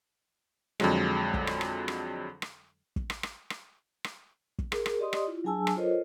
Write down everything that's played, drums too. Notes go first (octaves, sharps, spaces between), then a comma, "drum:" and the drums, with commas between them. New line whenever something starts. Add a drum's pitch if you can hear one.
F2 D3 F#3 G#3, drum: rim click
drum: kick
drum: rim click
drum: rim click
drum: rim click
drum: rim click
drum: kick
drum: rim click
drum: rim click
drum: rim click
drum: rim click
drum: kick
G#4 A#4, drum: rim click
drum: rim click
G4 D5 D#5 C6 D#6
drum: rim click
E4 F4
F#3 D4 G#4 G#5 A5 E6
drum: rim click
F4 A4 A#4 C5 C#5 D#5